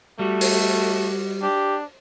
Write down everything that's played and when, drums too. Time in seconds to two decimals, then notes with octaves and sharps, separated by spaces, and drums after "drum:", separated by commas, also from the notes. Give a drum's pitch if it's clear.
0.19 G3 A3 F#4
0.41 drum: open hi-hat
1.42 D4 G4